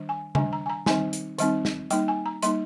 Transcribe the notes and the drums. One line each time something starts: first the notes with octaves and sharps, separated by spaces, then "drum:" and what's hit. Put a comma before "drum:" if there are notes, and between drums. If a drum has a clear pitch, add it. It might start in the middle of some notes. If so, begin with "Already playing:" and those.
Already playing: D#3 G3 D4
G#5
D#3 G3 D4 G#5, drum: tom C#3
A#5
G#5
A#5
D#3 G3 C4 D#4 G#5, drum: snare
drum: hi-hat
D#3 G3 C4 D#4, drum: hi-hat
drum: snare
G3 A#3 D#4 G5, drum: hi-hat
G#5
A#5
G3 A#3 D#4 C6, drum: hi-hat